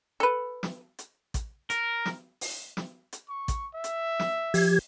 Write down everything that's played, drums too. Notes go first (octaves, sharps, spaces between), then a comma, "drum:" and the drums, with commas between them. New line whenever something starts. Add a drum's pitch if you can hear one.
A4 B4
drum: snare
drum: hi-hat
drum: kick A1, hi-hat
A#4, drum: hi-hat
drum: snare
drum: open hi-hat
drum: snare
drum: hi-hat
C#6
drum: kick A1, hi-hat
E5
drum: hi-hat
drum: snare
F3 G4 G#6, drum: open hi-hat